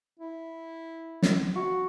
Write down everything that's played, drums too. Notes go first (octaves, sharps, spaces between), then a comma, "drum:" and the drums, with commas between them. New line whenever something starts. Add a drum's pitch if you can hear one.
E4
drum: snare
F#4